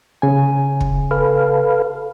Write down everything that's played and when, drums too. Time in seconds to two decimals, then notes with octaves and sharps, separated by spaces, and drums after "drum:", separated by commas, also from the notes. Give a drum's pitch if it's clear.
0.22 C#3 G#5
0.80 drum: kick
1.11 A4 B4 F5